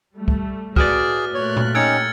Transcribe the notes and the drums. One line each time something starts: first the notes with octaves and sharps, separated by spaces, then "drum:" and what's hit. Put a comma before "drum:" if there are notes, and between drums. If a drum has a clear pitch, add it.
G3 A3
drum: kick
A2 F#4 G#4 B4 D5 F6 A6, drum: kick
A#2 A3 C#5 F#6
drum: tom A#2
C#4 D#4 G4 E6 G#6 C#7